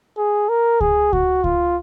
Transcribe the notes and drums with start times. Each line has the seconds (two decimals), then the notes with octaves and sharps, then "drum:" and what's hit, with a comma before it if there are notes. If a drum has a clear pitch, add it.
0.17 G#4
0.49 A#4
0.81 G#4, drum: kick C#2
1.13 F#4, drum: kick C#2
1.44 F4, drum: kick C#2